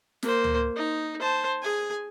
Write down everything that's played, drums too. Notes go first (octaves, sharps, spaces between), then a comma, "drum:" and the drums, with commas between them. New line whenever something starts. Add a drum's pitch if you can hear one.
A#3 C5, drum: snare
drum: tom C#2
D#4
C5 A5
G#4 G#5